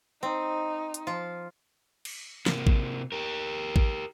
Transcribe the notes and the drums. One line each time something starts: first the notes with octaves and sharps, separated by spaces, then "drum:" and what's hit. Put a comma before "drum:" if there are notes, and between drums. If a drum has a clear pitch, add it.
C4 D#4
drum: hi-hat
F3 F4
drum: cymbal
C3 A#3, drum: snare
drum: kick A1
G4 A#4
drum: kick A1